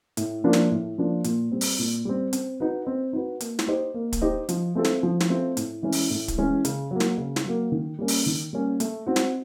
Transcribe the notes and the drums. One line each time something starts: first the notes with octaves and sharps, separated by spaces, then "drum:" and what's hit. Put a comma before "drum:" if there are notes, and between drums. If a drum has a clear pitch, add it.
A2, drum: hi-hat
F3 A#3 D4 F4
drum: snare
A2
F3 A#3 D4 F4
A#2, drum: hi-hat
G3 C4
drum: open hi-hat
A#2
G3 C4
C4, drum: hi-hat
D#4 F#4 B4
C4
D#4 F#4 B4
A#3, drum: hi-hat
drum: snare
D#4 G4 C5 D#5
A#3
drum: kick, hi-hat
D#4 G4 C5 D#5
F3, drum: hi-hat
A3 C4 F4 A4
drum: snare
F3
drum: snare
A3 C4 F4 A4
A2, drum: hi-hat
E3 G#3 C#4
drum: open hi-hat
A2
drum: kick, hi-hat
E3 G#3 C#4
C#3, drum: hi-hat
F#3 A#3
drum: snare
C#3
drum: snare
F#3 A#3
D#3
G3 A#3 C#4
drum: open hi-hat
D#3
G3 A#3 C#4
A3, drum: hi-hat
C4 D#4 F#4
drum: snare